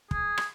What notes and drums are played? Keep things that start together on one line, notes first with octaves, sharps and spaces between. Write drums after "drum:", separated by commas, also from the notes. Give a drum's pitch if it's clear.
G#4, drum: kick
drum: rim click